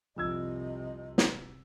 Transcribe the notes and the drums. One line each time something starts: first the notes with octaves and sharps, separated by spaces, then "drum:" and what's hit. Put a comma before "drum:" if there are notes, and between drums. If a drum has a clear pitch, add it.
C2 F2 C3 D#5 E6 G#6
drum: snare